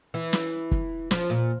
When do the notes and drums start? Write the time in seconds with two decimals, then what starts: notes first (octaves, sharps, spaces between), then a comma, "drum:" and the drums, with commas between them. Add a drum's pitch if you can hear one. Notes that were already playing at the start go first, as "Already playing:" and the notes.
0.14 E3
0.33 drum: snare
0.71 drum: kick
1.11 F3, drum: snare
1.30 A#2